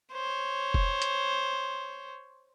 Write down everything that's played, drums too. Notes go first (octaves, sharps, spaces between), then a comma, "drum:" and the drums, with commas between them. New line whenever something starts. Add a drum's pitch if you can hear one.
C5 C#5
drum: kick F1
drum: hi-hat